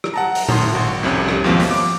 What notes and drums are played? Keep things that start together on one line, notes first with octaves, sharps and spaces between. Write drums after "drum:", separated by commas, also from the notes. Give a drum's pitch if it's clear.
drum: rim click
F#5 A5 A#5
drum: open hi-hat
F#2 A2 D#3 C6, drum: tom A#2
G#1 F#4
C2 F2 C3 C#4 C#5
drum: rim click
D#2 G#2 B2 F3 C4
drum: open hi-hat
D6